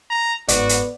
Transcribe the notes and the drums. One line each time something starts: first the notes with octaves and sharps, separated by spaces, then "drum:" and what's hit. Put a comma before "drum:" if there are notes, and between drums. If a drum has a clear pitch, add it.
A#5
G1 G#2 B3 F#4 D5, drum: hi-hat
drum: hi-hat